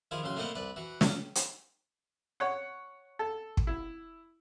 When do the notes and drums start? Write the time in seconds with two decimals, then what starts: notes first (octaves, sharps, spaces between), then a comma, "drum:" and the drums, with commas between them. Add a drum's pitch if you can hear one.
0.11 D#3 F3 E4 F4 G#4
0.23 A1 C#3 F#3 C6
0.36 A3 A#3 C4 E4 D#5 F#5
0.55 C2 B4 D5
0.76 E3 F#4
1.01 C#4 C#5, drum: snare
1.35 drum: hi-hat
2.40 C#5 F#5
3.19 A4
3.57 drum: kick
3.67 E4